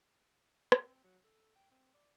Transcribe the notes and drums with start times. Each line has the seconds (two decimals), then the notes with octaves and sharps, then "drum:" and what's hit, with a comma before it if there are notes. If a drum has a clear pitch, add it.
0.72 drum: rim click
0.85 C4
1.04 F#3
1.24 A4
1.56 G5
1.72 C4
1.94 D5